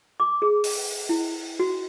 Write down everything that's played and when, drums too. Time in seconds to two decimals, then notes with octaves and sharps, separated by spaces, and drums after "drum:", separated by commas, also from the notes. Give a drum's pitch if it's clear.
0.20 D6
0.42 G#4
0.64 drum: open hi-hat
1.09 E4
1.60 F#4